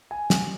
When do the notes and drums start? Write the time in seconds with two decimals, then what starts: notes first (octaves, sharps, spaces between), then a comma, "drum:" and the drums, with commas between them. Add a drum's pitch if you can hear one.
0.11 G#5
0.30 drum: snare